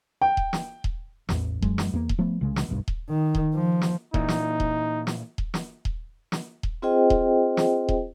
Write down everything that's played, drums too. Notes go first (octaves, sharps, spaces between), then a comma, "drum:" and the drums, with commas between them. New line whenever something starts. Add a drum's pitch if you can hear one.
G5
drum: kick D#1
drum: snare
drum: kick D#1
A1 E2, drum: snare
F#2 F#3 G#3, drum: kick D#1
drum: snare
E2 A#3
drum: kick D#1
F3 A3 B3
C2 C#3 G#3
drum: snare
F1 B1 G2
drum: kick D#1
D#3
drum: kick D#1
F3
drum: snare
A#2 E3 D#4, drum: kick D#1
drum: snare
drum: kick D#1
drum: snare
drum: kick D#1
drum: snare
drum: kick D#1
drum: snare
drum: kick D#1
C4 F4 G#4 C5 D#5 G5
drum: kick D#1
drum: snare
drum: kick D#1